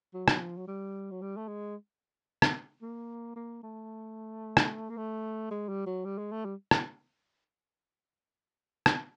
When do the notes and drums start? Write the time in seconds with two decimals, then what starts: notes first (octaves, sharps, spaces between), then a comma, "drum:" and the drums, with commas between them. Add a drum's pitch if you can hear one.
0.14 F#3
0.28 drum: rim click
0.40 F3
0.57 F#3
0.67 G3
1.11 F#3
1.22 G3
1.37 A3
1.48 G#3
2.42 drum: rim click
2.82 A#3
3.36 A#3
3.63 A3
4.57 drum: rim click
4.90 A#3
4.97 A3
5.51 G#3
5.69 G3
5.86 F#3
6.05 G3
6.18 G#3
6.31 A3
6.45 G3
6.71 drum: rim click
8.86 drum: rim click